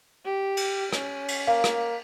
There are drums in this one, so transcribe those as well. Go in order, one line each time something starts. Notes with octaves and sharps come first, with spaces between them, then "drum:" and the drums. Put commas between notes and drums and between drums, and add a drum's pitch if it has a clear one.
G4
drum: cymbal
C#4, drum: rim click
drum: cymbal
A#3 F5
drum: rim click